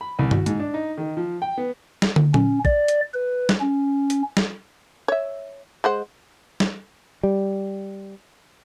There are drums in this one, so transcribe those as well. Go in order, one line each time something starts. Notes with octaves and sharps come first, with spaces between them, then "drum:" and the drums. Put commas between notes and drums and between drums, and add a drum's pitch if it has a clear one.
B5
C2
F#4, drum: tom G2
G#2, drum: hi-hat
D4
D#4
D#3
F3
G5
B3
drum: snare
drum: tom
C#4, drum: tom A#2
D5, drum: kick
drum: hi-hat
B4
drum: snare
C#4
drum: hi-hat
drum: snare
C#5 E5
G#3 C5 F#5
drum: snare
G3